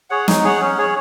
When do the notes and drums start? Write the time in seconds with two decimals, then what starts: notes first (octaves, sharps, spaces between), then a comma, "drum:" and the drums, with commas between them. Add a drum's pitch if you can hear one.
0.10 G#4 C#5 F#5
0.28 D#4, drum: snare
0.44 G#4 C#5 F#5
0.61 C#4
0.78 G#4 C#5